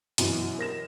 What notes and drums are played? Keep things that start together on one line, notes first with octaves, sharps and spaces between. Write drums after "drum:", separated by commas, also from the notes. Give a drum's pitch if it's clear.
F#2 B2 E3, drum: hi-hat
A#4 A#6 E7